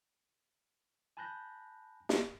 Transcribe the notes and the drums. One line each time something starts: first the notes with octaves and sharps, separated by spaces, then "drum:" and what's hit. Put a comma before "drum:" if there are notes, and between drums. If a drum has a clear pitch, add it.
G#5 A5 B5 F#6 G6 A#6
drum: snare